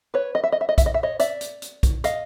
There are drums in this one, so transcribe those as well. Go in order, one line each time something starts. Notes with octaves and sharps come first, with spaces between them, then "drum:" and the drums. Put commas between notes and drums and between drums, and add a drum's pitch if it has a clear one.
B4 C#5
D#5
E5
D#5
E5
D#5
E5, drum: kick, hi-hat
D#5
E5
C#5 D#5
D5 E5, drum: hi-hat
drum: hi-hat
drum: hi-hat
drum: kick, hi-hat
D#5 F5, drum: hi-hat